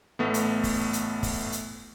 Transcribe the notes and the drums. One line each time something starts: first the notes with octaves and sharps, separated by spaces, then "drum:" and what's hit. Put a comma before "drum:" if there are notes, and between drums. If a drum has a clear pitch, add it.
A1 A3 B3
drum: hi-hat
drum: kick, open hi-hat
drum: hi-hat
drum: kick, open hi-hat
drum: hi-hat